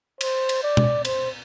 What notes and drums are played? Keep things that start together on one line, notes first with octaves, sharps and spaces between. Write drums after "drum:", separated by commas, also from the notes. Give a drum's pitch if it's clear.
C5, drum: cymbal
drum: cymbal
D5
drum: tom B2
C5, drum: cymbal